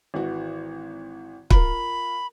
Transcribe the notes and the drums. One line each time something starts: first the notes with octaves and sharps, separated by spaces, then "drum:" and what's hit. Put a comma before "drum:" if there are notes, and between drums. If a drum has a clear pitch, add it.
G#1 E3 F#4
F4 A#4 B5, drum: kick